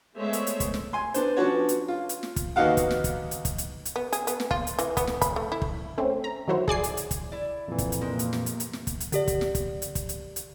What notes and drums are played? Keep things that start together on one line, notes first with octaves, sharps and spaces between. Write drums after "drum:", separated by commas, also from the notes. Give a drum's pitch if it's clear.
G#3 A3 B3 C5 C#5 E5
drum: hi-hat
drum: hi-hat
drum: kick, hi-hat
drum: snare
G#5 C6
B3 D4 C5, drum: hi-hat
F3 B3 C#4 D4 F#4 C#5
drum: hi-hat
F4
drum: hi-hat
drum: snare
drum: kick, hi-hat
D#2 B3 D#4 F#4 F5 F#5
drum: kick, hi-hat
drum: snare
drum: kick, hi-hat
drum: hi-hat
drum: kick, hi-hat
drum: hi-hat
drum: hi-hat
B3
G#4, drum: hi-hat
B3, drum: hi-hat
drum: snare
F4, drum: kick
drum: hi-hat
E3, drum: hi-hat
B3, drum: kick, hi-hat
drum: snare
B5, drum: kick, hi-hat
A3
E4
drum: kick
A3 C4 C#4
A#5
D#3 F#3 E4 F#4 C5
G#4 D5 G#5 C7, drum: kick
drum: hi-hat
drum: hi-hat
drum: kick, hi-hat
E4 D5
F2 A#2 E3
drum: kick, hi-hat
drum: hi-hat
C3 G#3 A#3 C4
drum: hi-hat
drum: snare
drum: hi-hat
drum: hi-hat
drum: snare
drum: kick, hi-hat
drum: hi-hat
D3 G4 D5, drum: hi-hat
drum: kick, hi-hat
drum: snare
drum: kick, hi-hat
drum: hi-hat
drum: kick, hi-hat
drum: hi-hat
drum: hi-hat